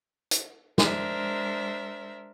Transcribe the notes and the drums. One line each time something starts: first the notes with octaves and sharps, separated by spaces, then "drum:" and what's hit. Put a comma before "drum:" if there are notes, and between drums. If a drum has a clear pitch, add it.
drum: hi-hat
G#3 D4 A#4 C5 E5, drum: snare